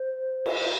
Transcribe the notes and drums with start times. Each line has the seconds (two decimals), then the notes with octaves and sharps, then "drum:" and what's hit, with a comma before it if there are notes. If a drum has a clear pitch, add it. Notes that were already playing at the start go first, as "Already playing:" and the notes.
Already playing: C5
0.46 drum: cymbal